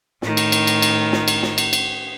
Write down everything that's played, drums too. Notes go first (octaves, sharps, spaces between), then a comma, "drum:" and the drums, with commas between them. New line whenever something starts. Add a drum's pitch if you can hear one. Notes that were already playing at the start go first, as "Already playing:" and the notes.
A2 D#3, drum: snare
drum: cymbal
drum: cymbal
drum: cymbal
drum: cymbal
drum: snare
drum: cymbal
drum: snare
drum: cymbal
drum: cymbal